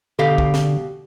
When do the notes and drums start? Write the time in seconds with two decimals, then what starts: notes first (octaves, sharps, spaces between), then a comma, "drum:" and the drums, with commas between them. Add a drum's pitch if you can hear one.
0.19 B2 D3 G4 F5
0.38 drum: kick
0.54 drum: snare